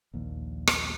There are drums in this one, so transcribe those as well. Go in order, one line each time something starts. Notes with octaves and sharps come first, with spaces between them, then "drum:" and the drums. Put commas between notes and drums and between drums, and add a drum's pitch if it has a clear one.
A#1 D#2
drum: rim click